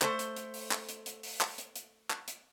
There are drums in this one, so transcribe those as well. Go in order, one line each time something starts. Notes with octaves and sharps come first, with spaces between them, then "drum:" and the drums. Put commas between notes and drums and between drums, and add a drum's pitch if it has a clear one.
A3 C5, drum: clap
drum: hi-hat
drum: hi-hat
drum: open hi-hat
drum: clap
drum: hi-hat
drum: hi-hat
drum: open hi-hat
drum: clap
drum: hi-hat
drum: hi-hat
drum: clap
drum: hi-hat